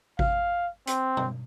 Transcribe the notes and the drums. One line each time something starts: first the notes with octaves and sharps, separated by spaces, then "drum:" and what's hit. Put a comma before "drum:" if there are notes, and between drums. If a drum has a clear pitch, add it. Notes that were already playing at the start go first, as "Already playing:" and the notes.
F5, drum: kick G#1
C4, drum: hi-hat
drum: tom B2